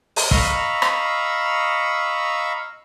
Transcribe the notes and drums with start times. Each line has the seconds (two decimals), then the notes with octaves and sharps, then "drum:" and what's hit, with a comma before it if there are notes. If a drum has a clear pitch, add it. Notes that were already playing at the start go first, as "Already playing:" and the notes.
0.16 drum: open hi-hat
0.31 D#5 F5 A#5 B5 C#6 E6, drum: kick
0.82 drum: rim click